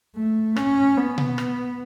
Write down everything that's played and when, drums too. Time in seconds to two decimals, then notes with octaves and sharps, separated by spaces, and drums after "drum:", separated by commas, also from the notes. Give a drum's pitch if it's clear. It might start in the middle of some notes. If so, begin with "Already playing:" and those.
0.16 A3
0.56 C#4, drum: rim click
0.97 B3
1.18 drum: tom B2
1.38 drum: rim click